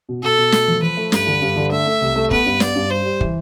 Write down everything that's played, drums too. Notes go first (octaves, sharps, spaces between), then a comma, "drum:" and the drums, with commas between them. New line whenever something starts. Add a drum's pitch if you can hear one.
B2
B2 A4
B2
A3, drum: snare
F3
F3 B4
A3
G2 B4, drum: snare
D3
G2
D3
A3 E5
A3
C2
A3
B3 B4, drum: kick
G2
B3 D5, drum: snare
G2
G3 C5
G3
E3, drum: kick